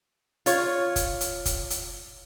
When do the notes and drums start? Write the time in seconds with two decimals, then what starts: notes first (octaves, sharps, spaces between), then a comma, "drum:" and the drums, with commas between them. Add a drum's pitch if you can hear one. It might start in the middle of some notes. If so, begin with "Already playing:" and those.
0.46 F4 C#5, drum: hi-hat
0.96 drum: kick F1, hi-hat
1.21 drum: hi-hat
1.45 drum: kick F1, hi-hat
1.70 drum: hi-hat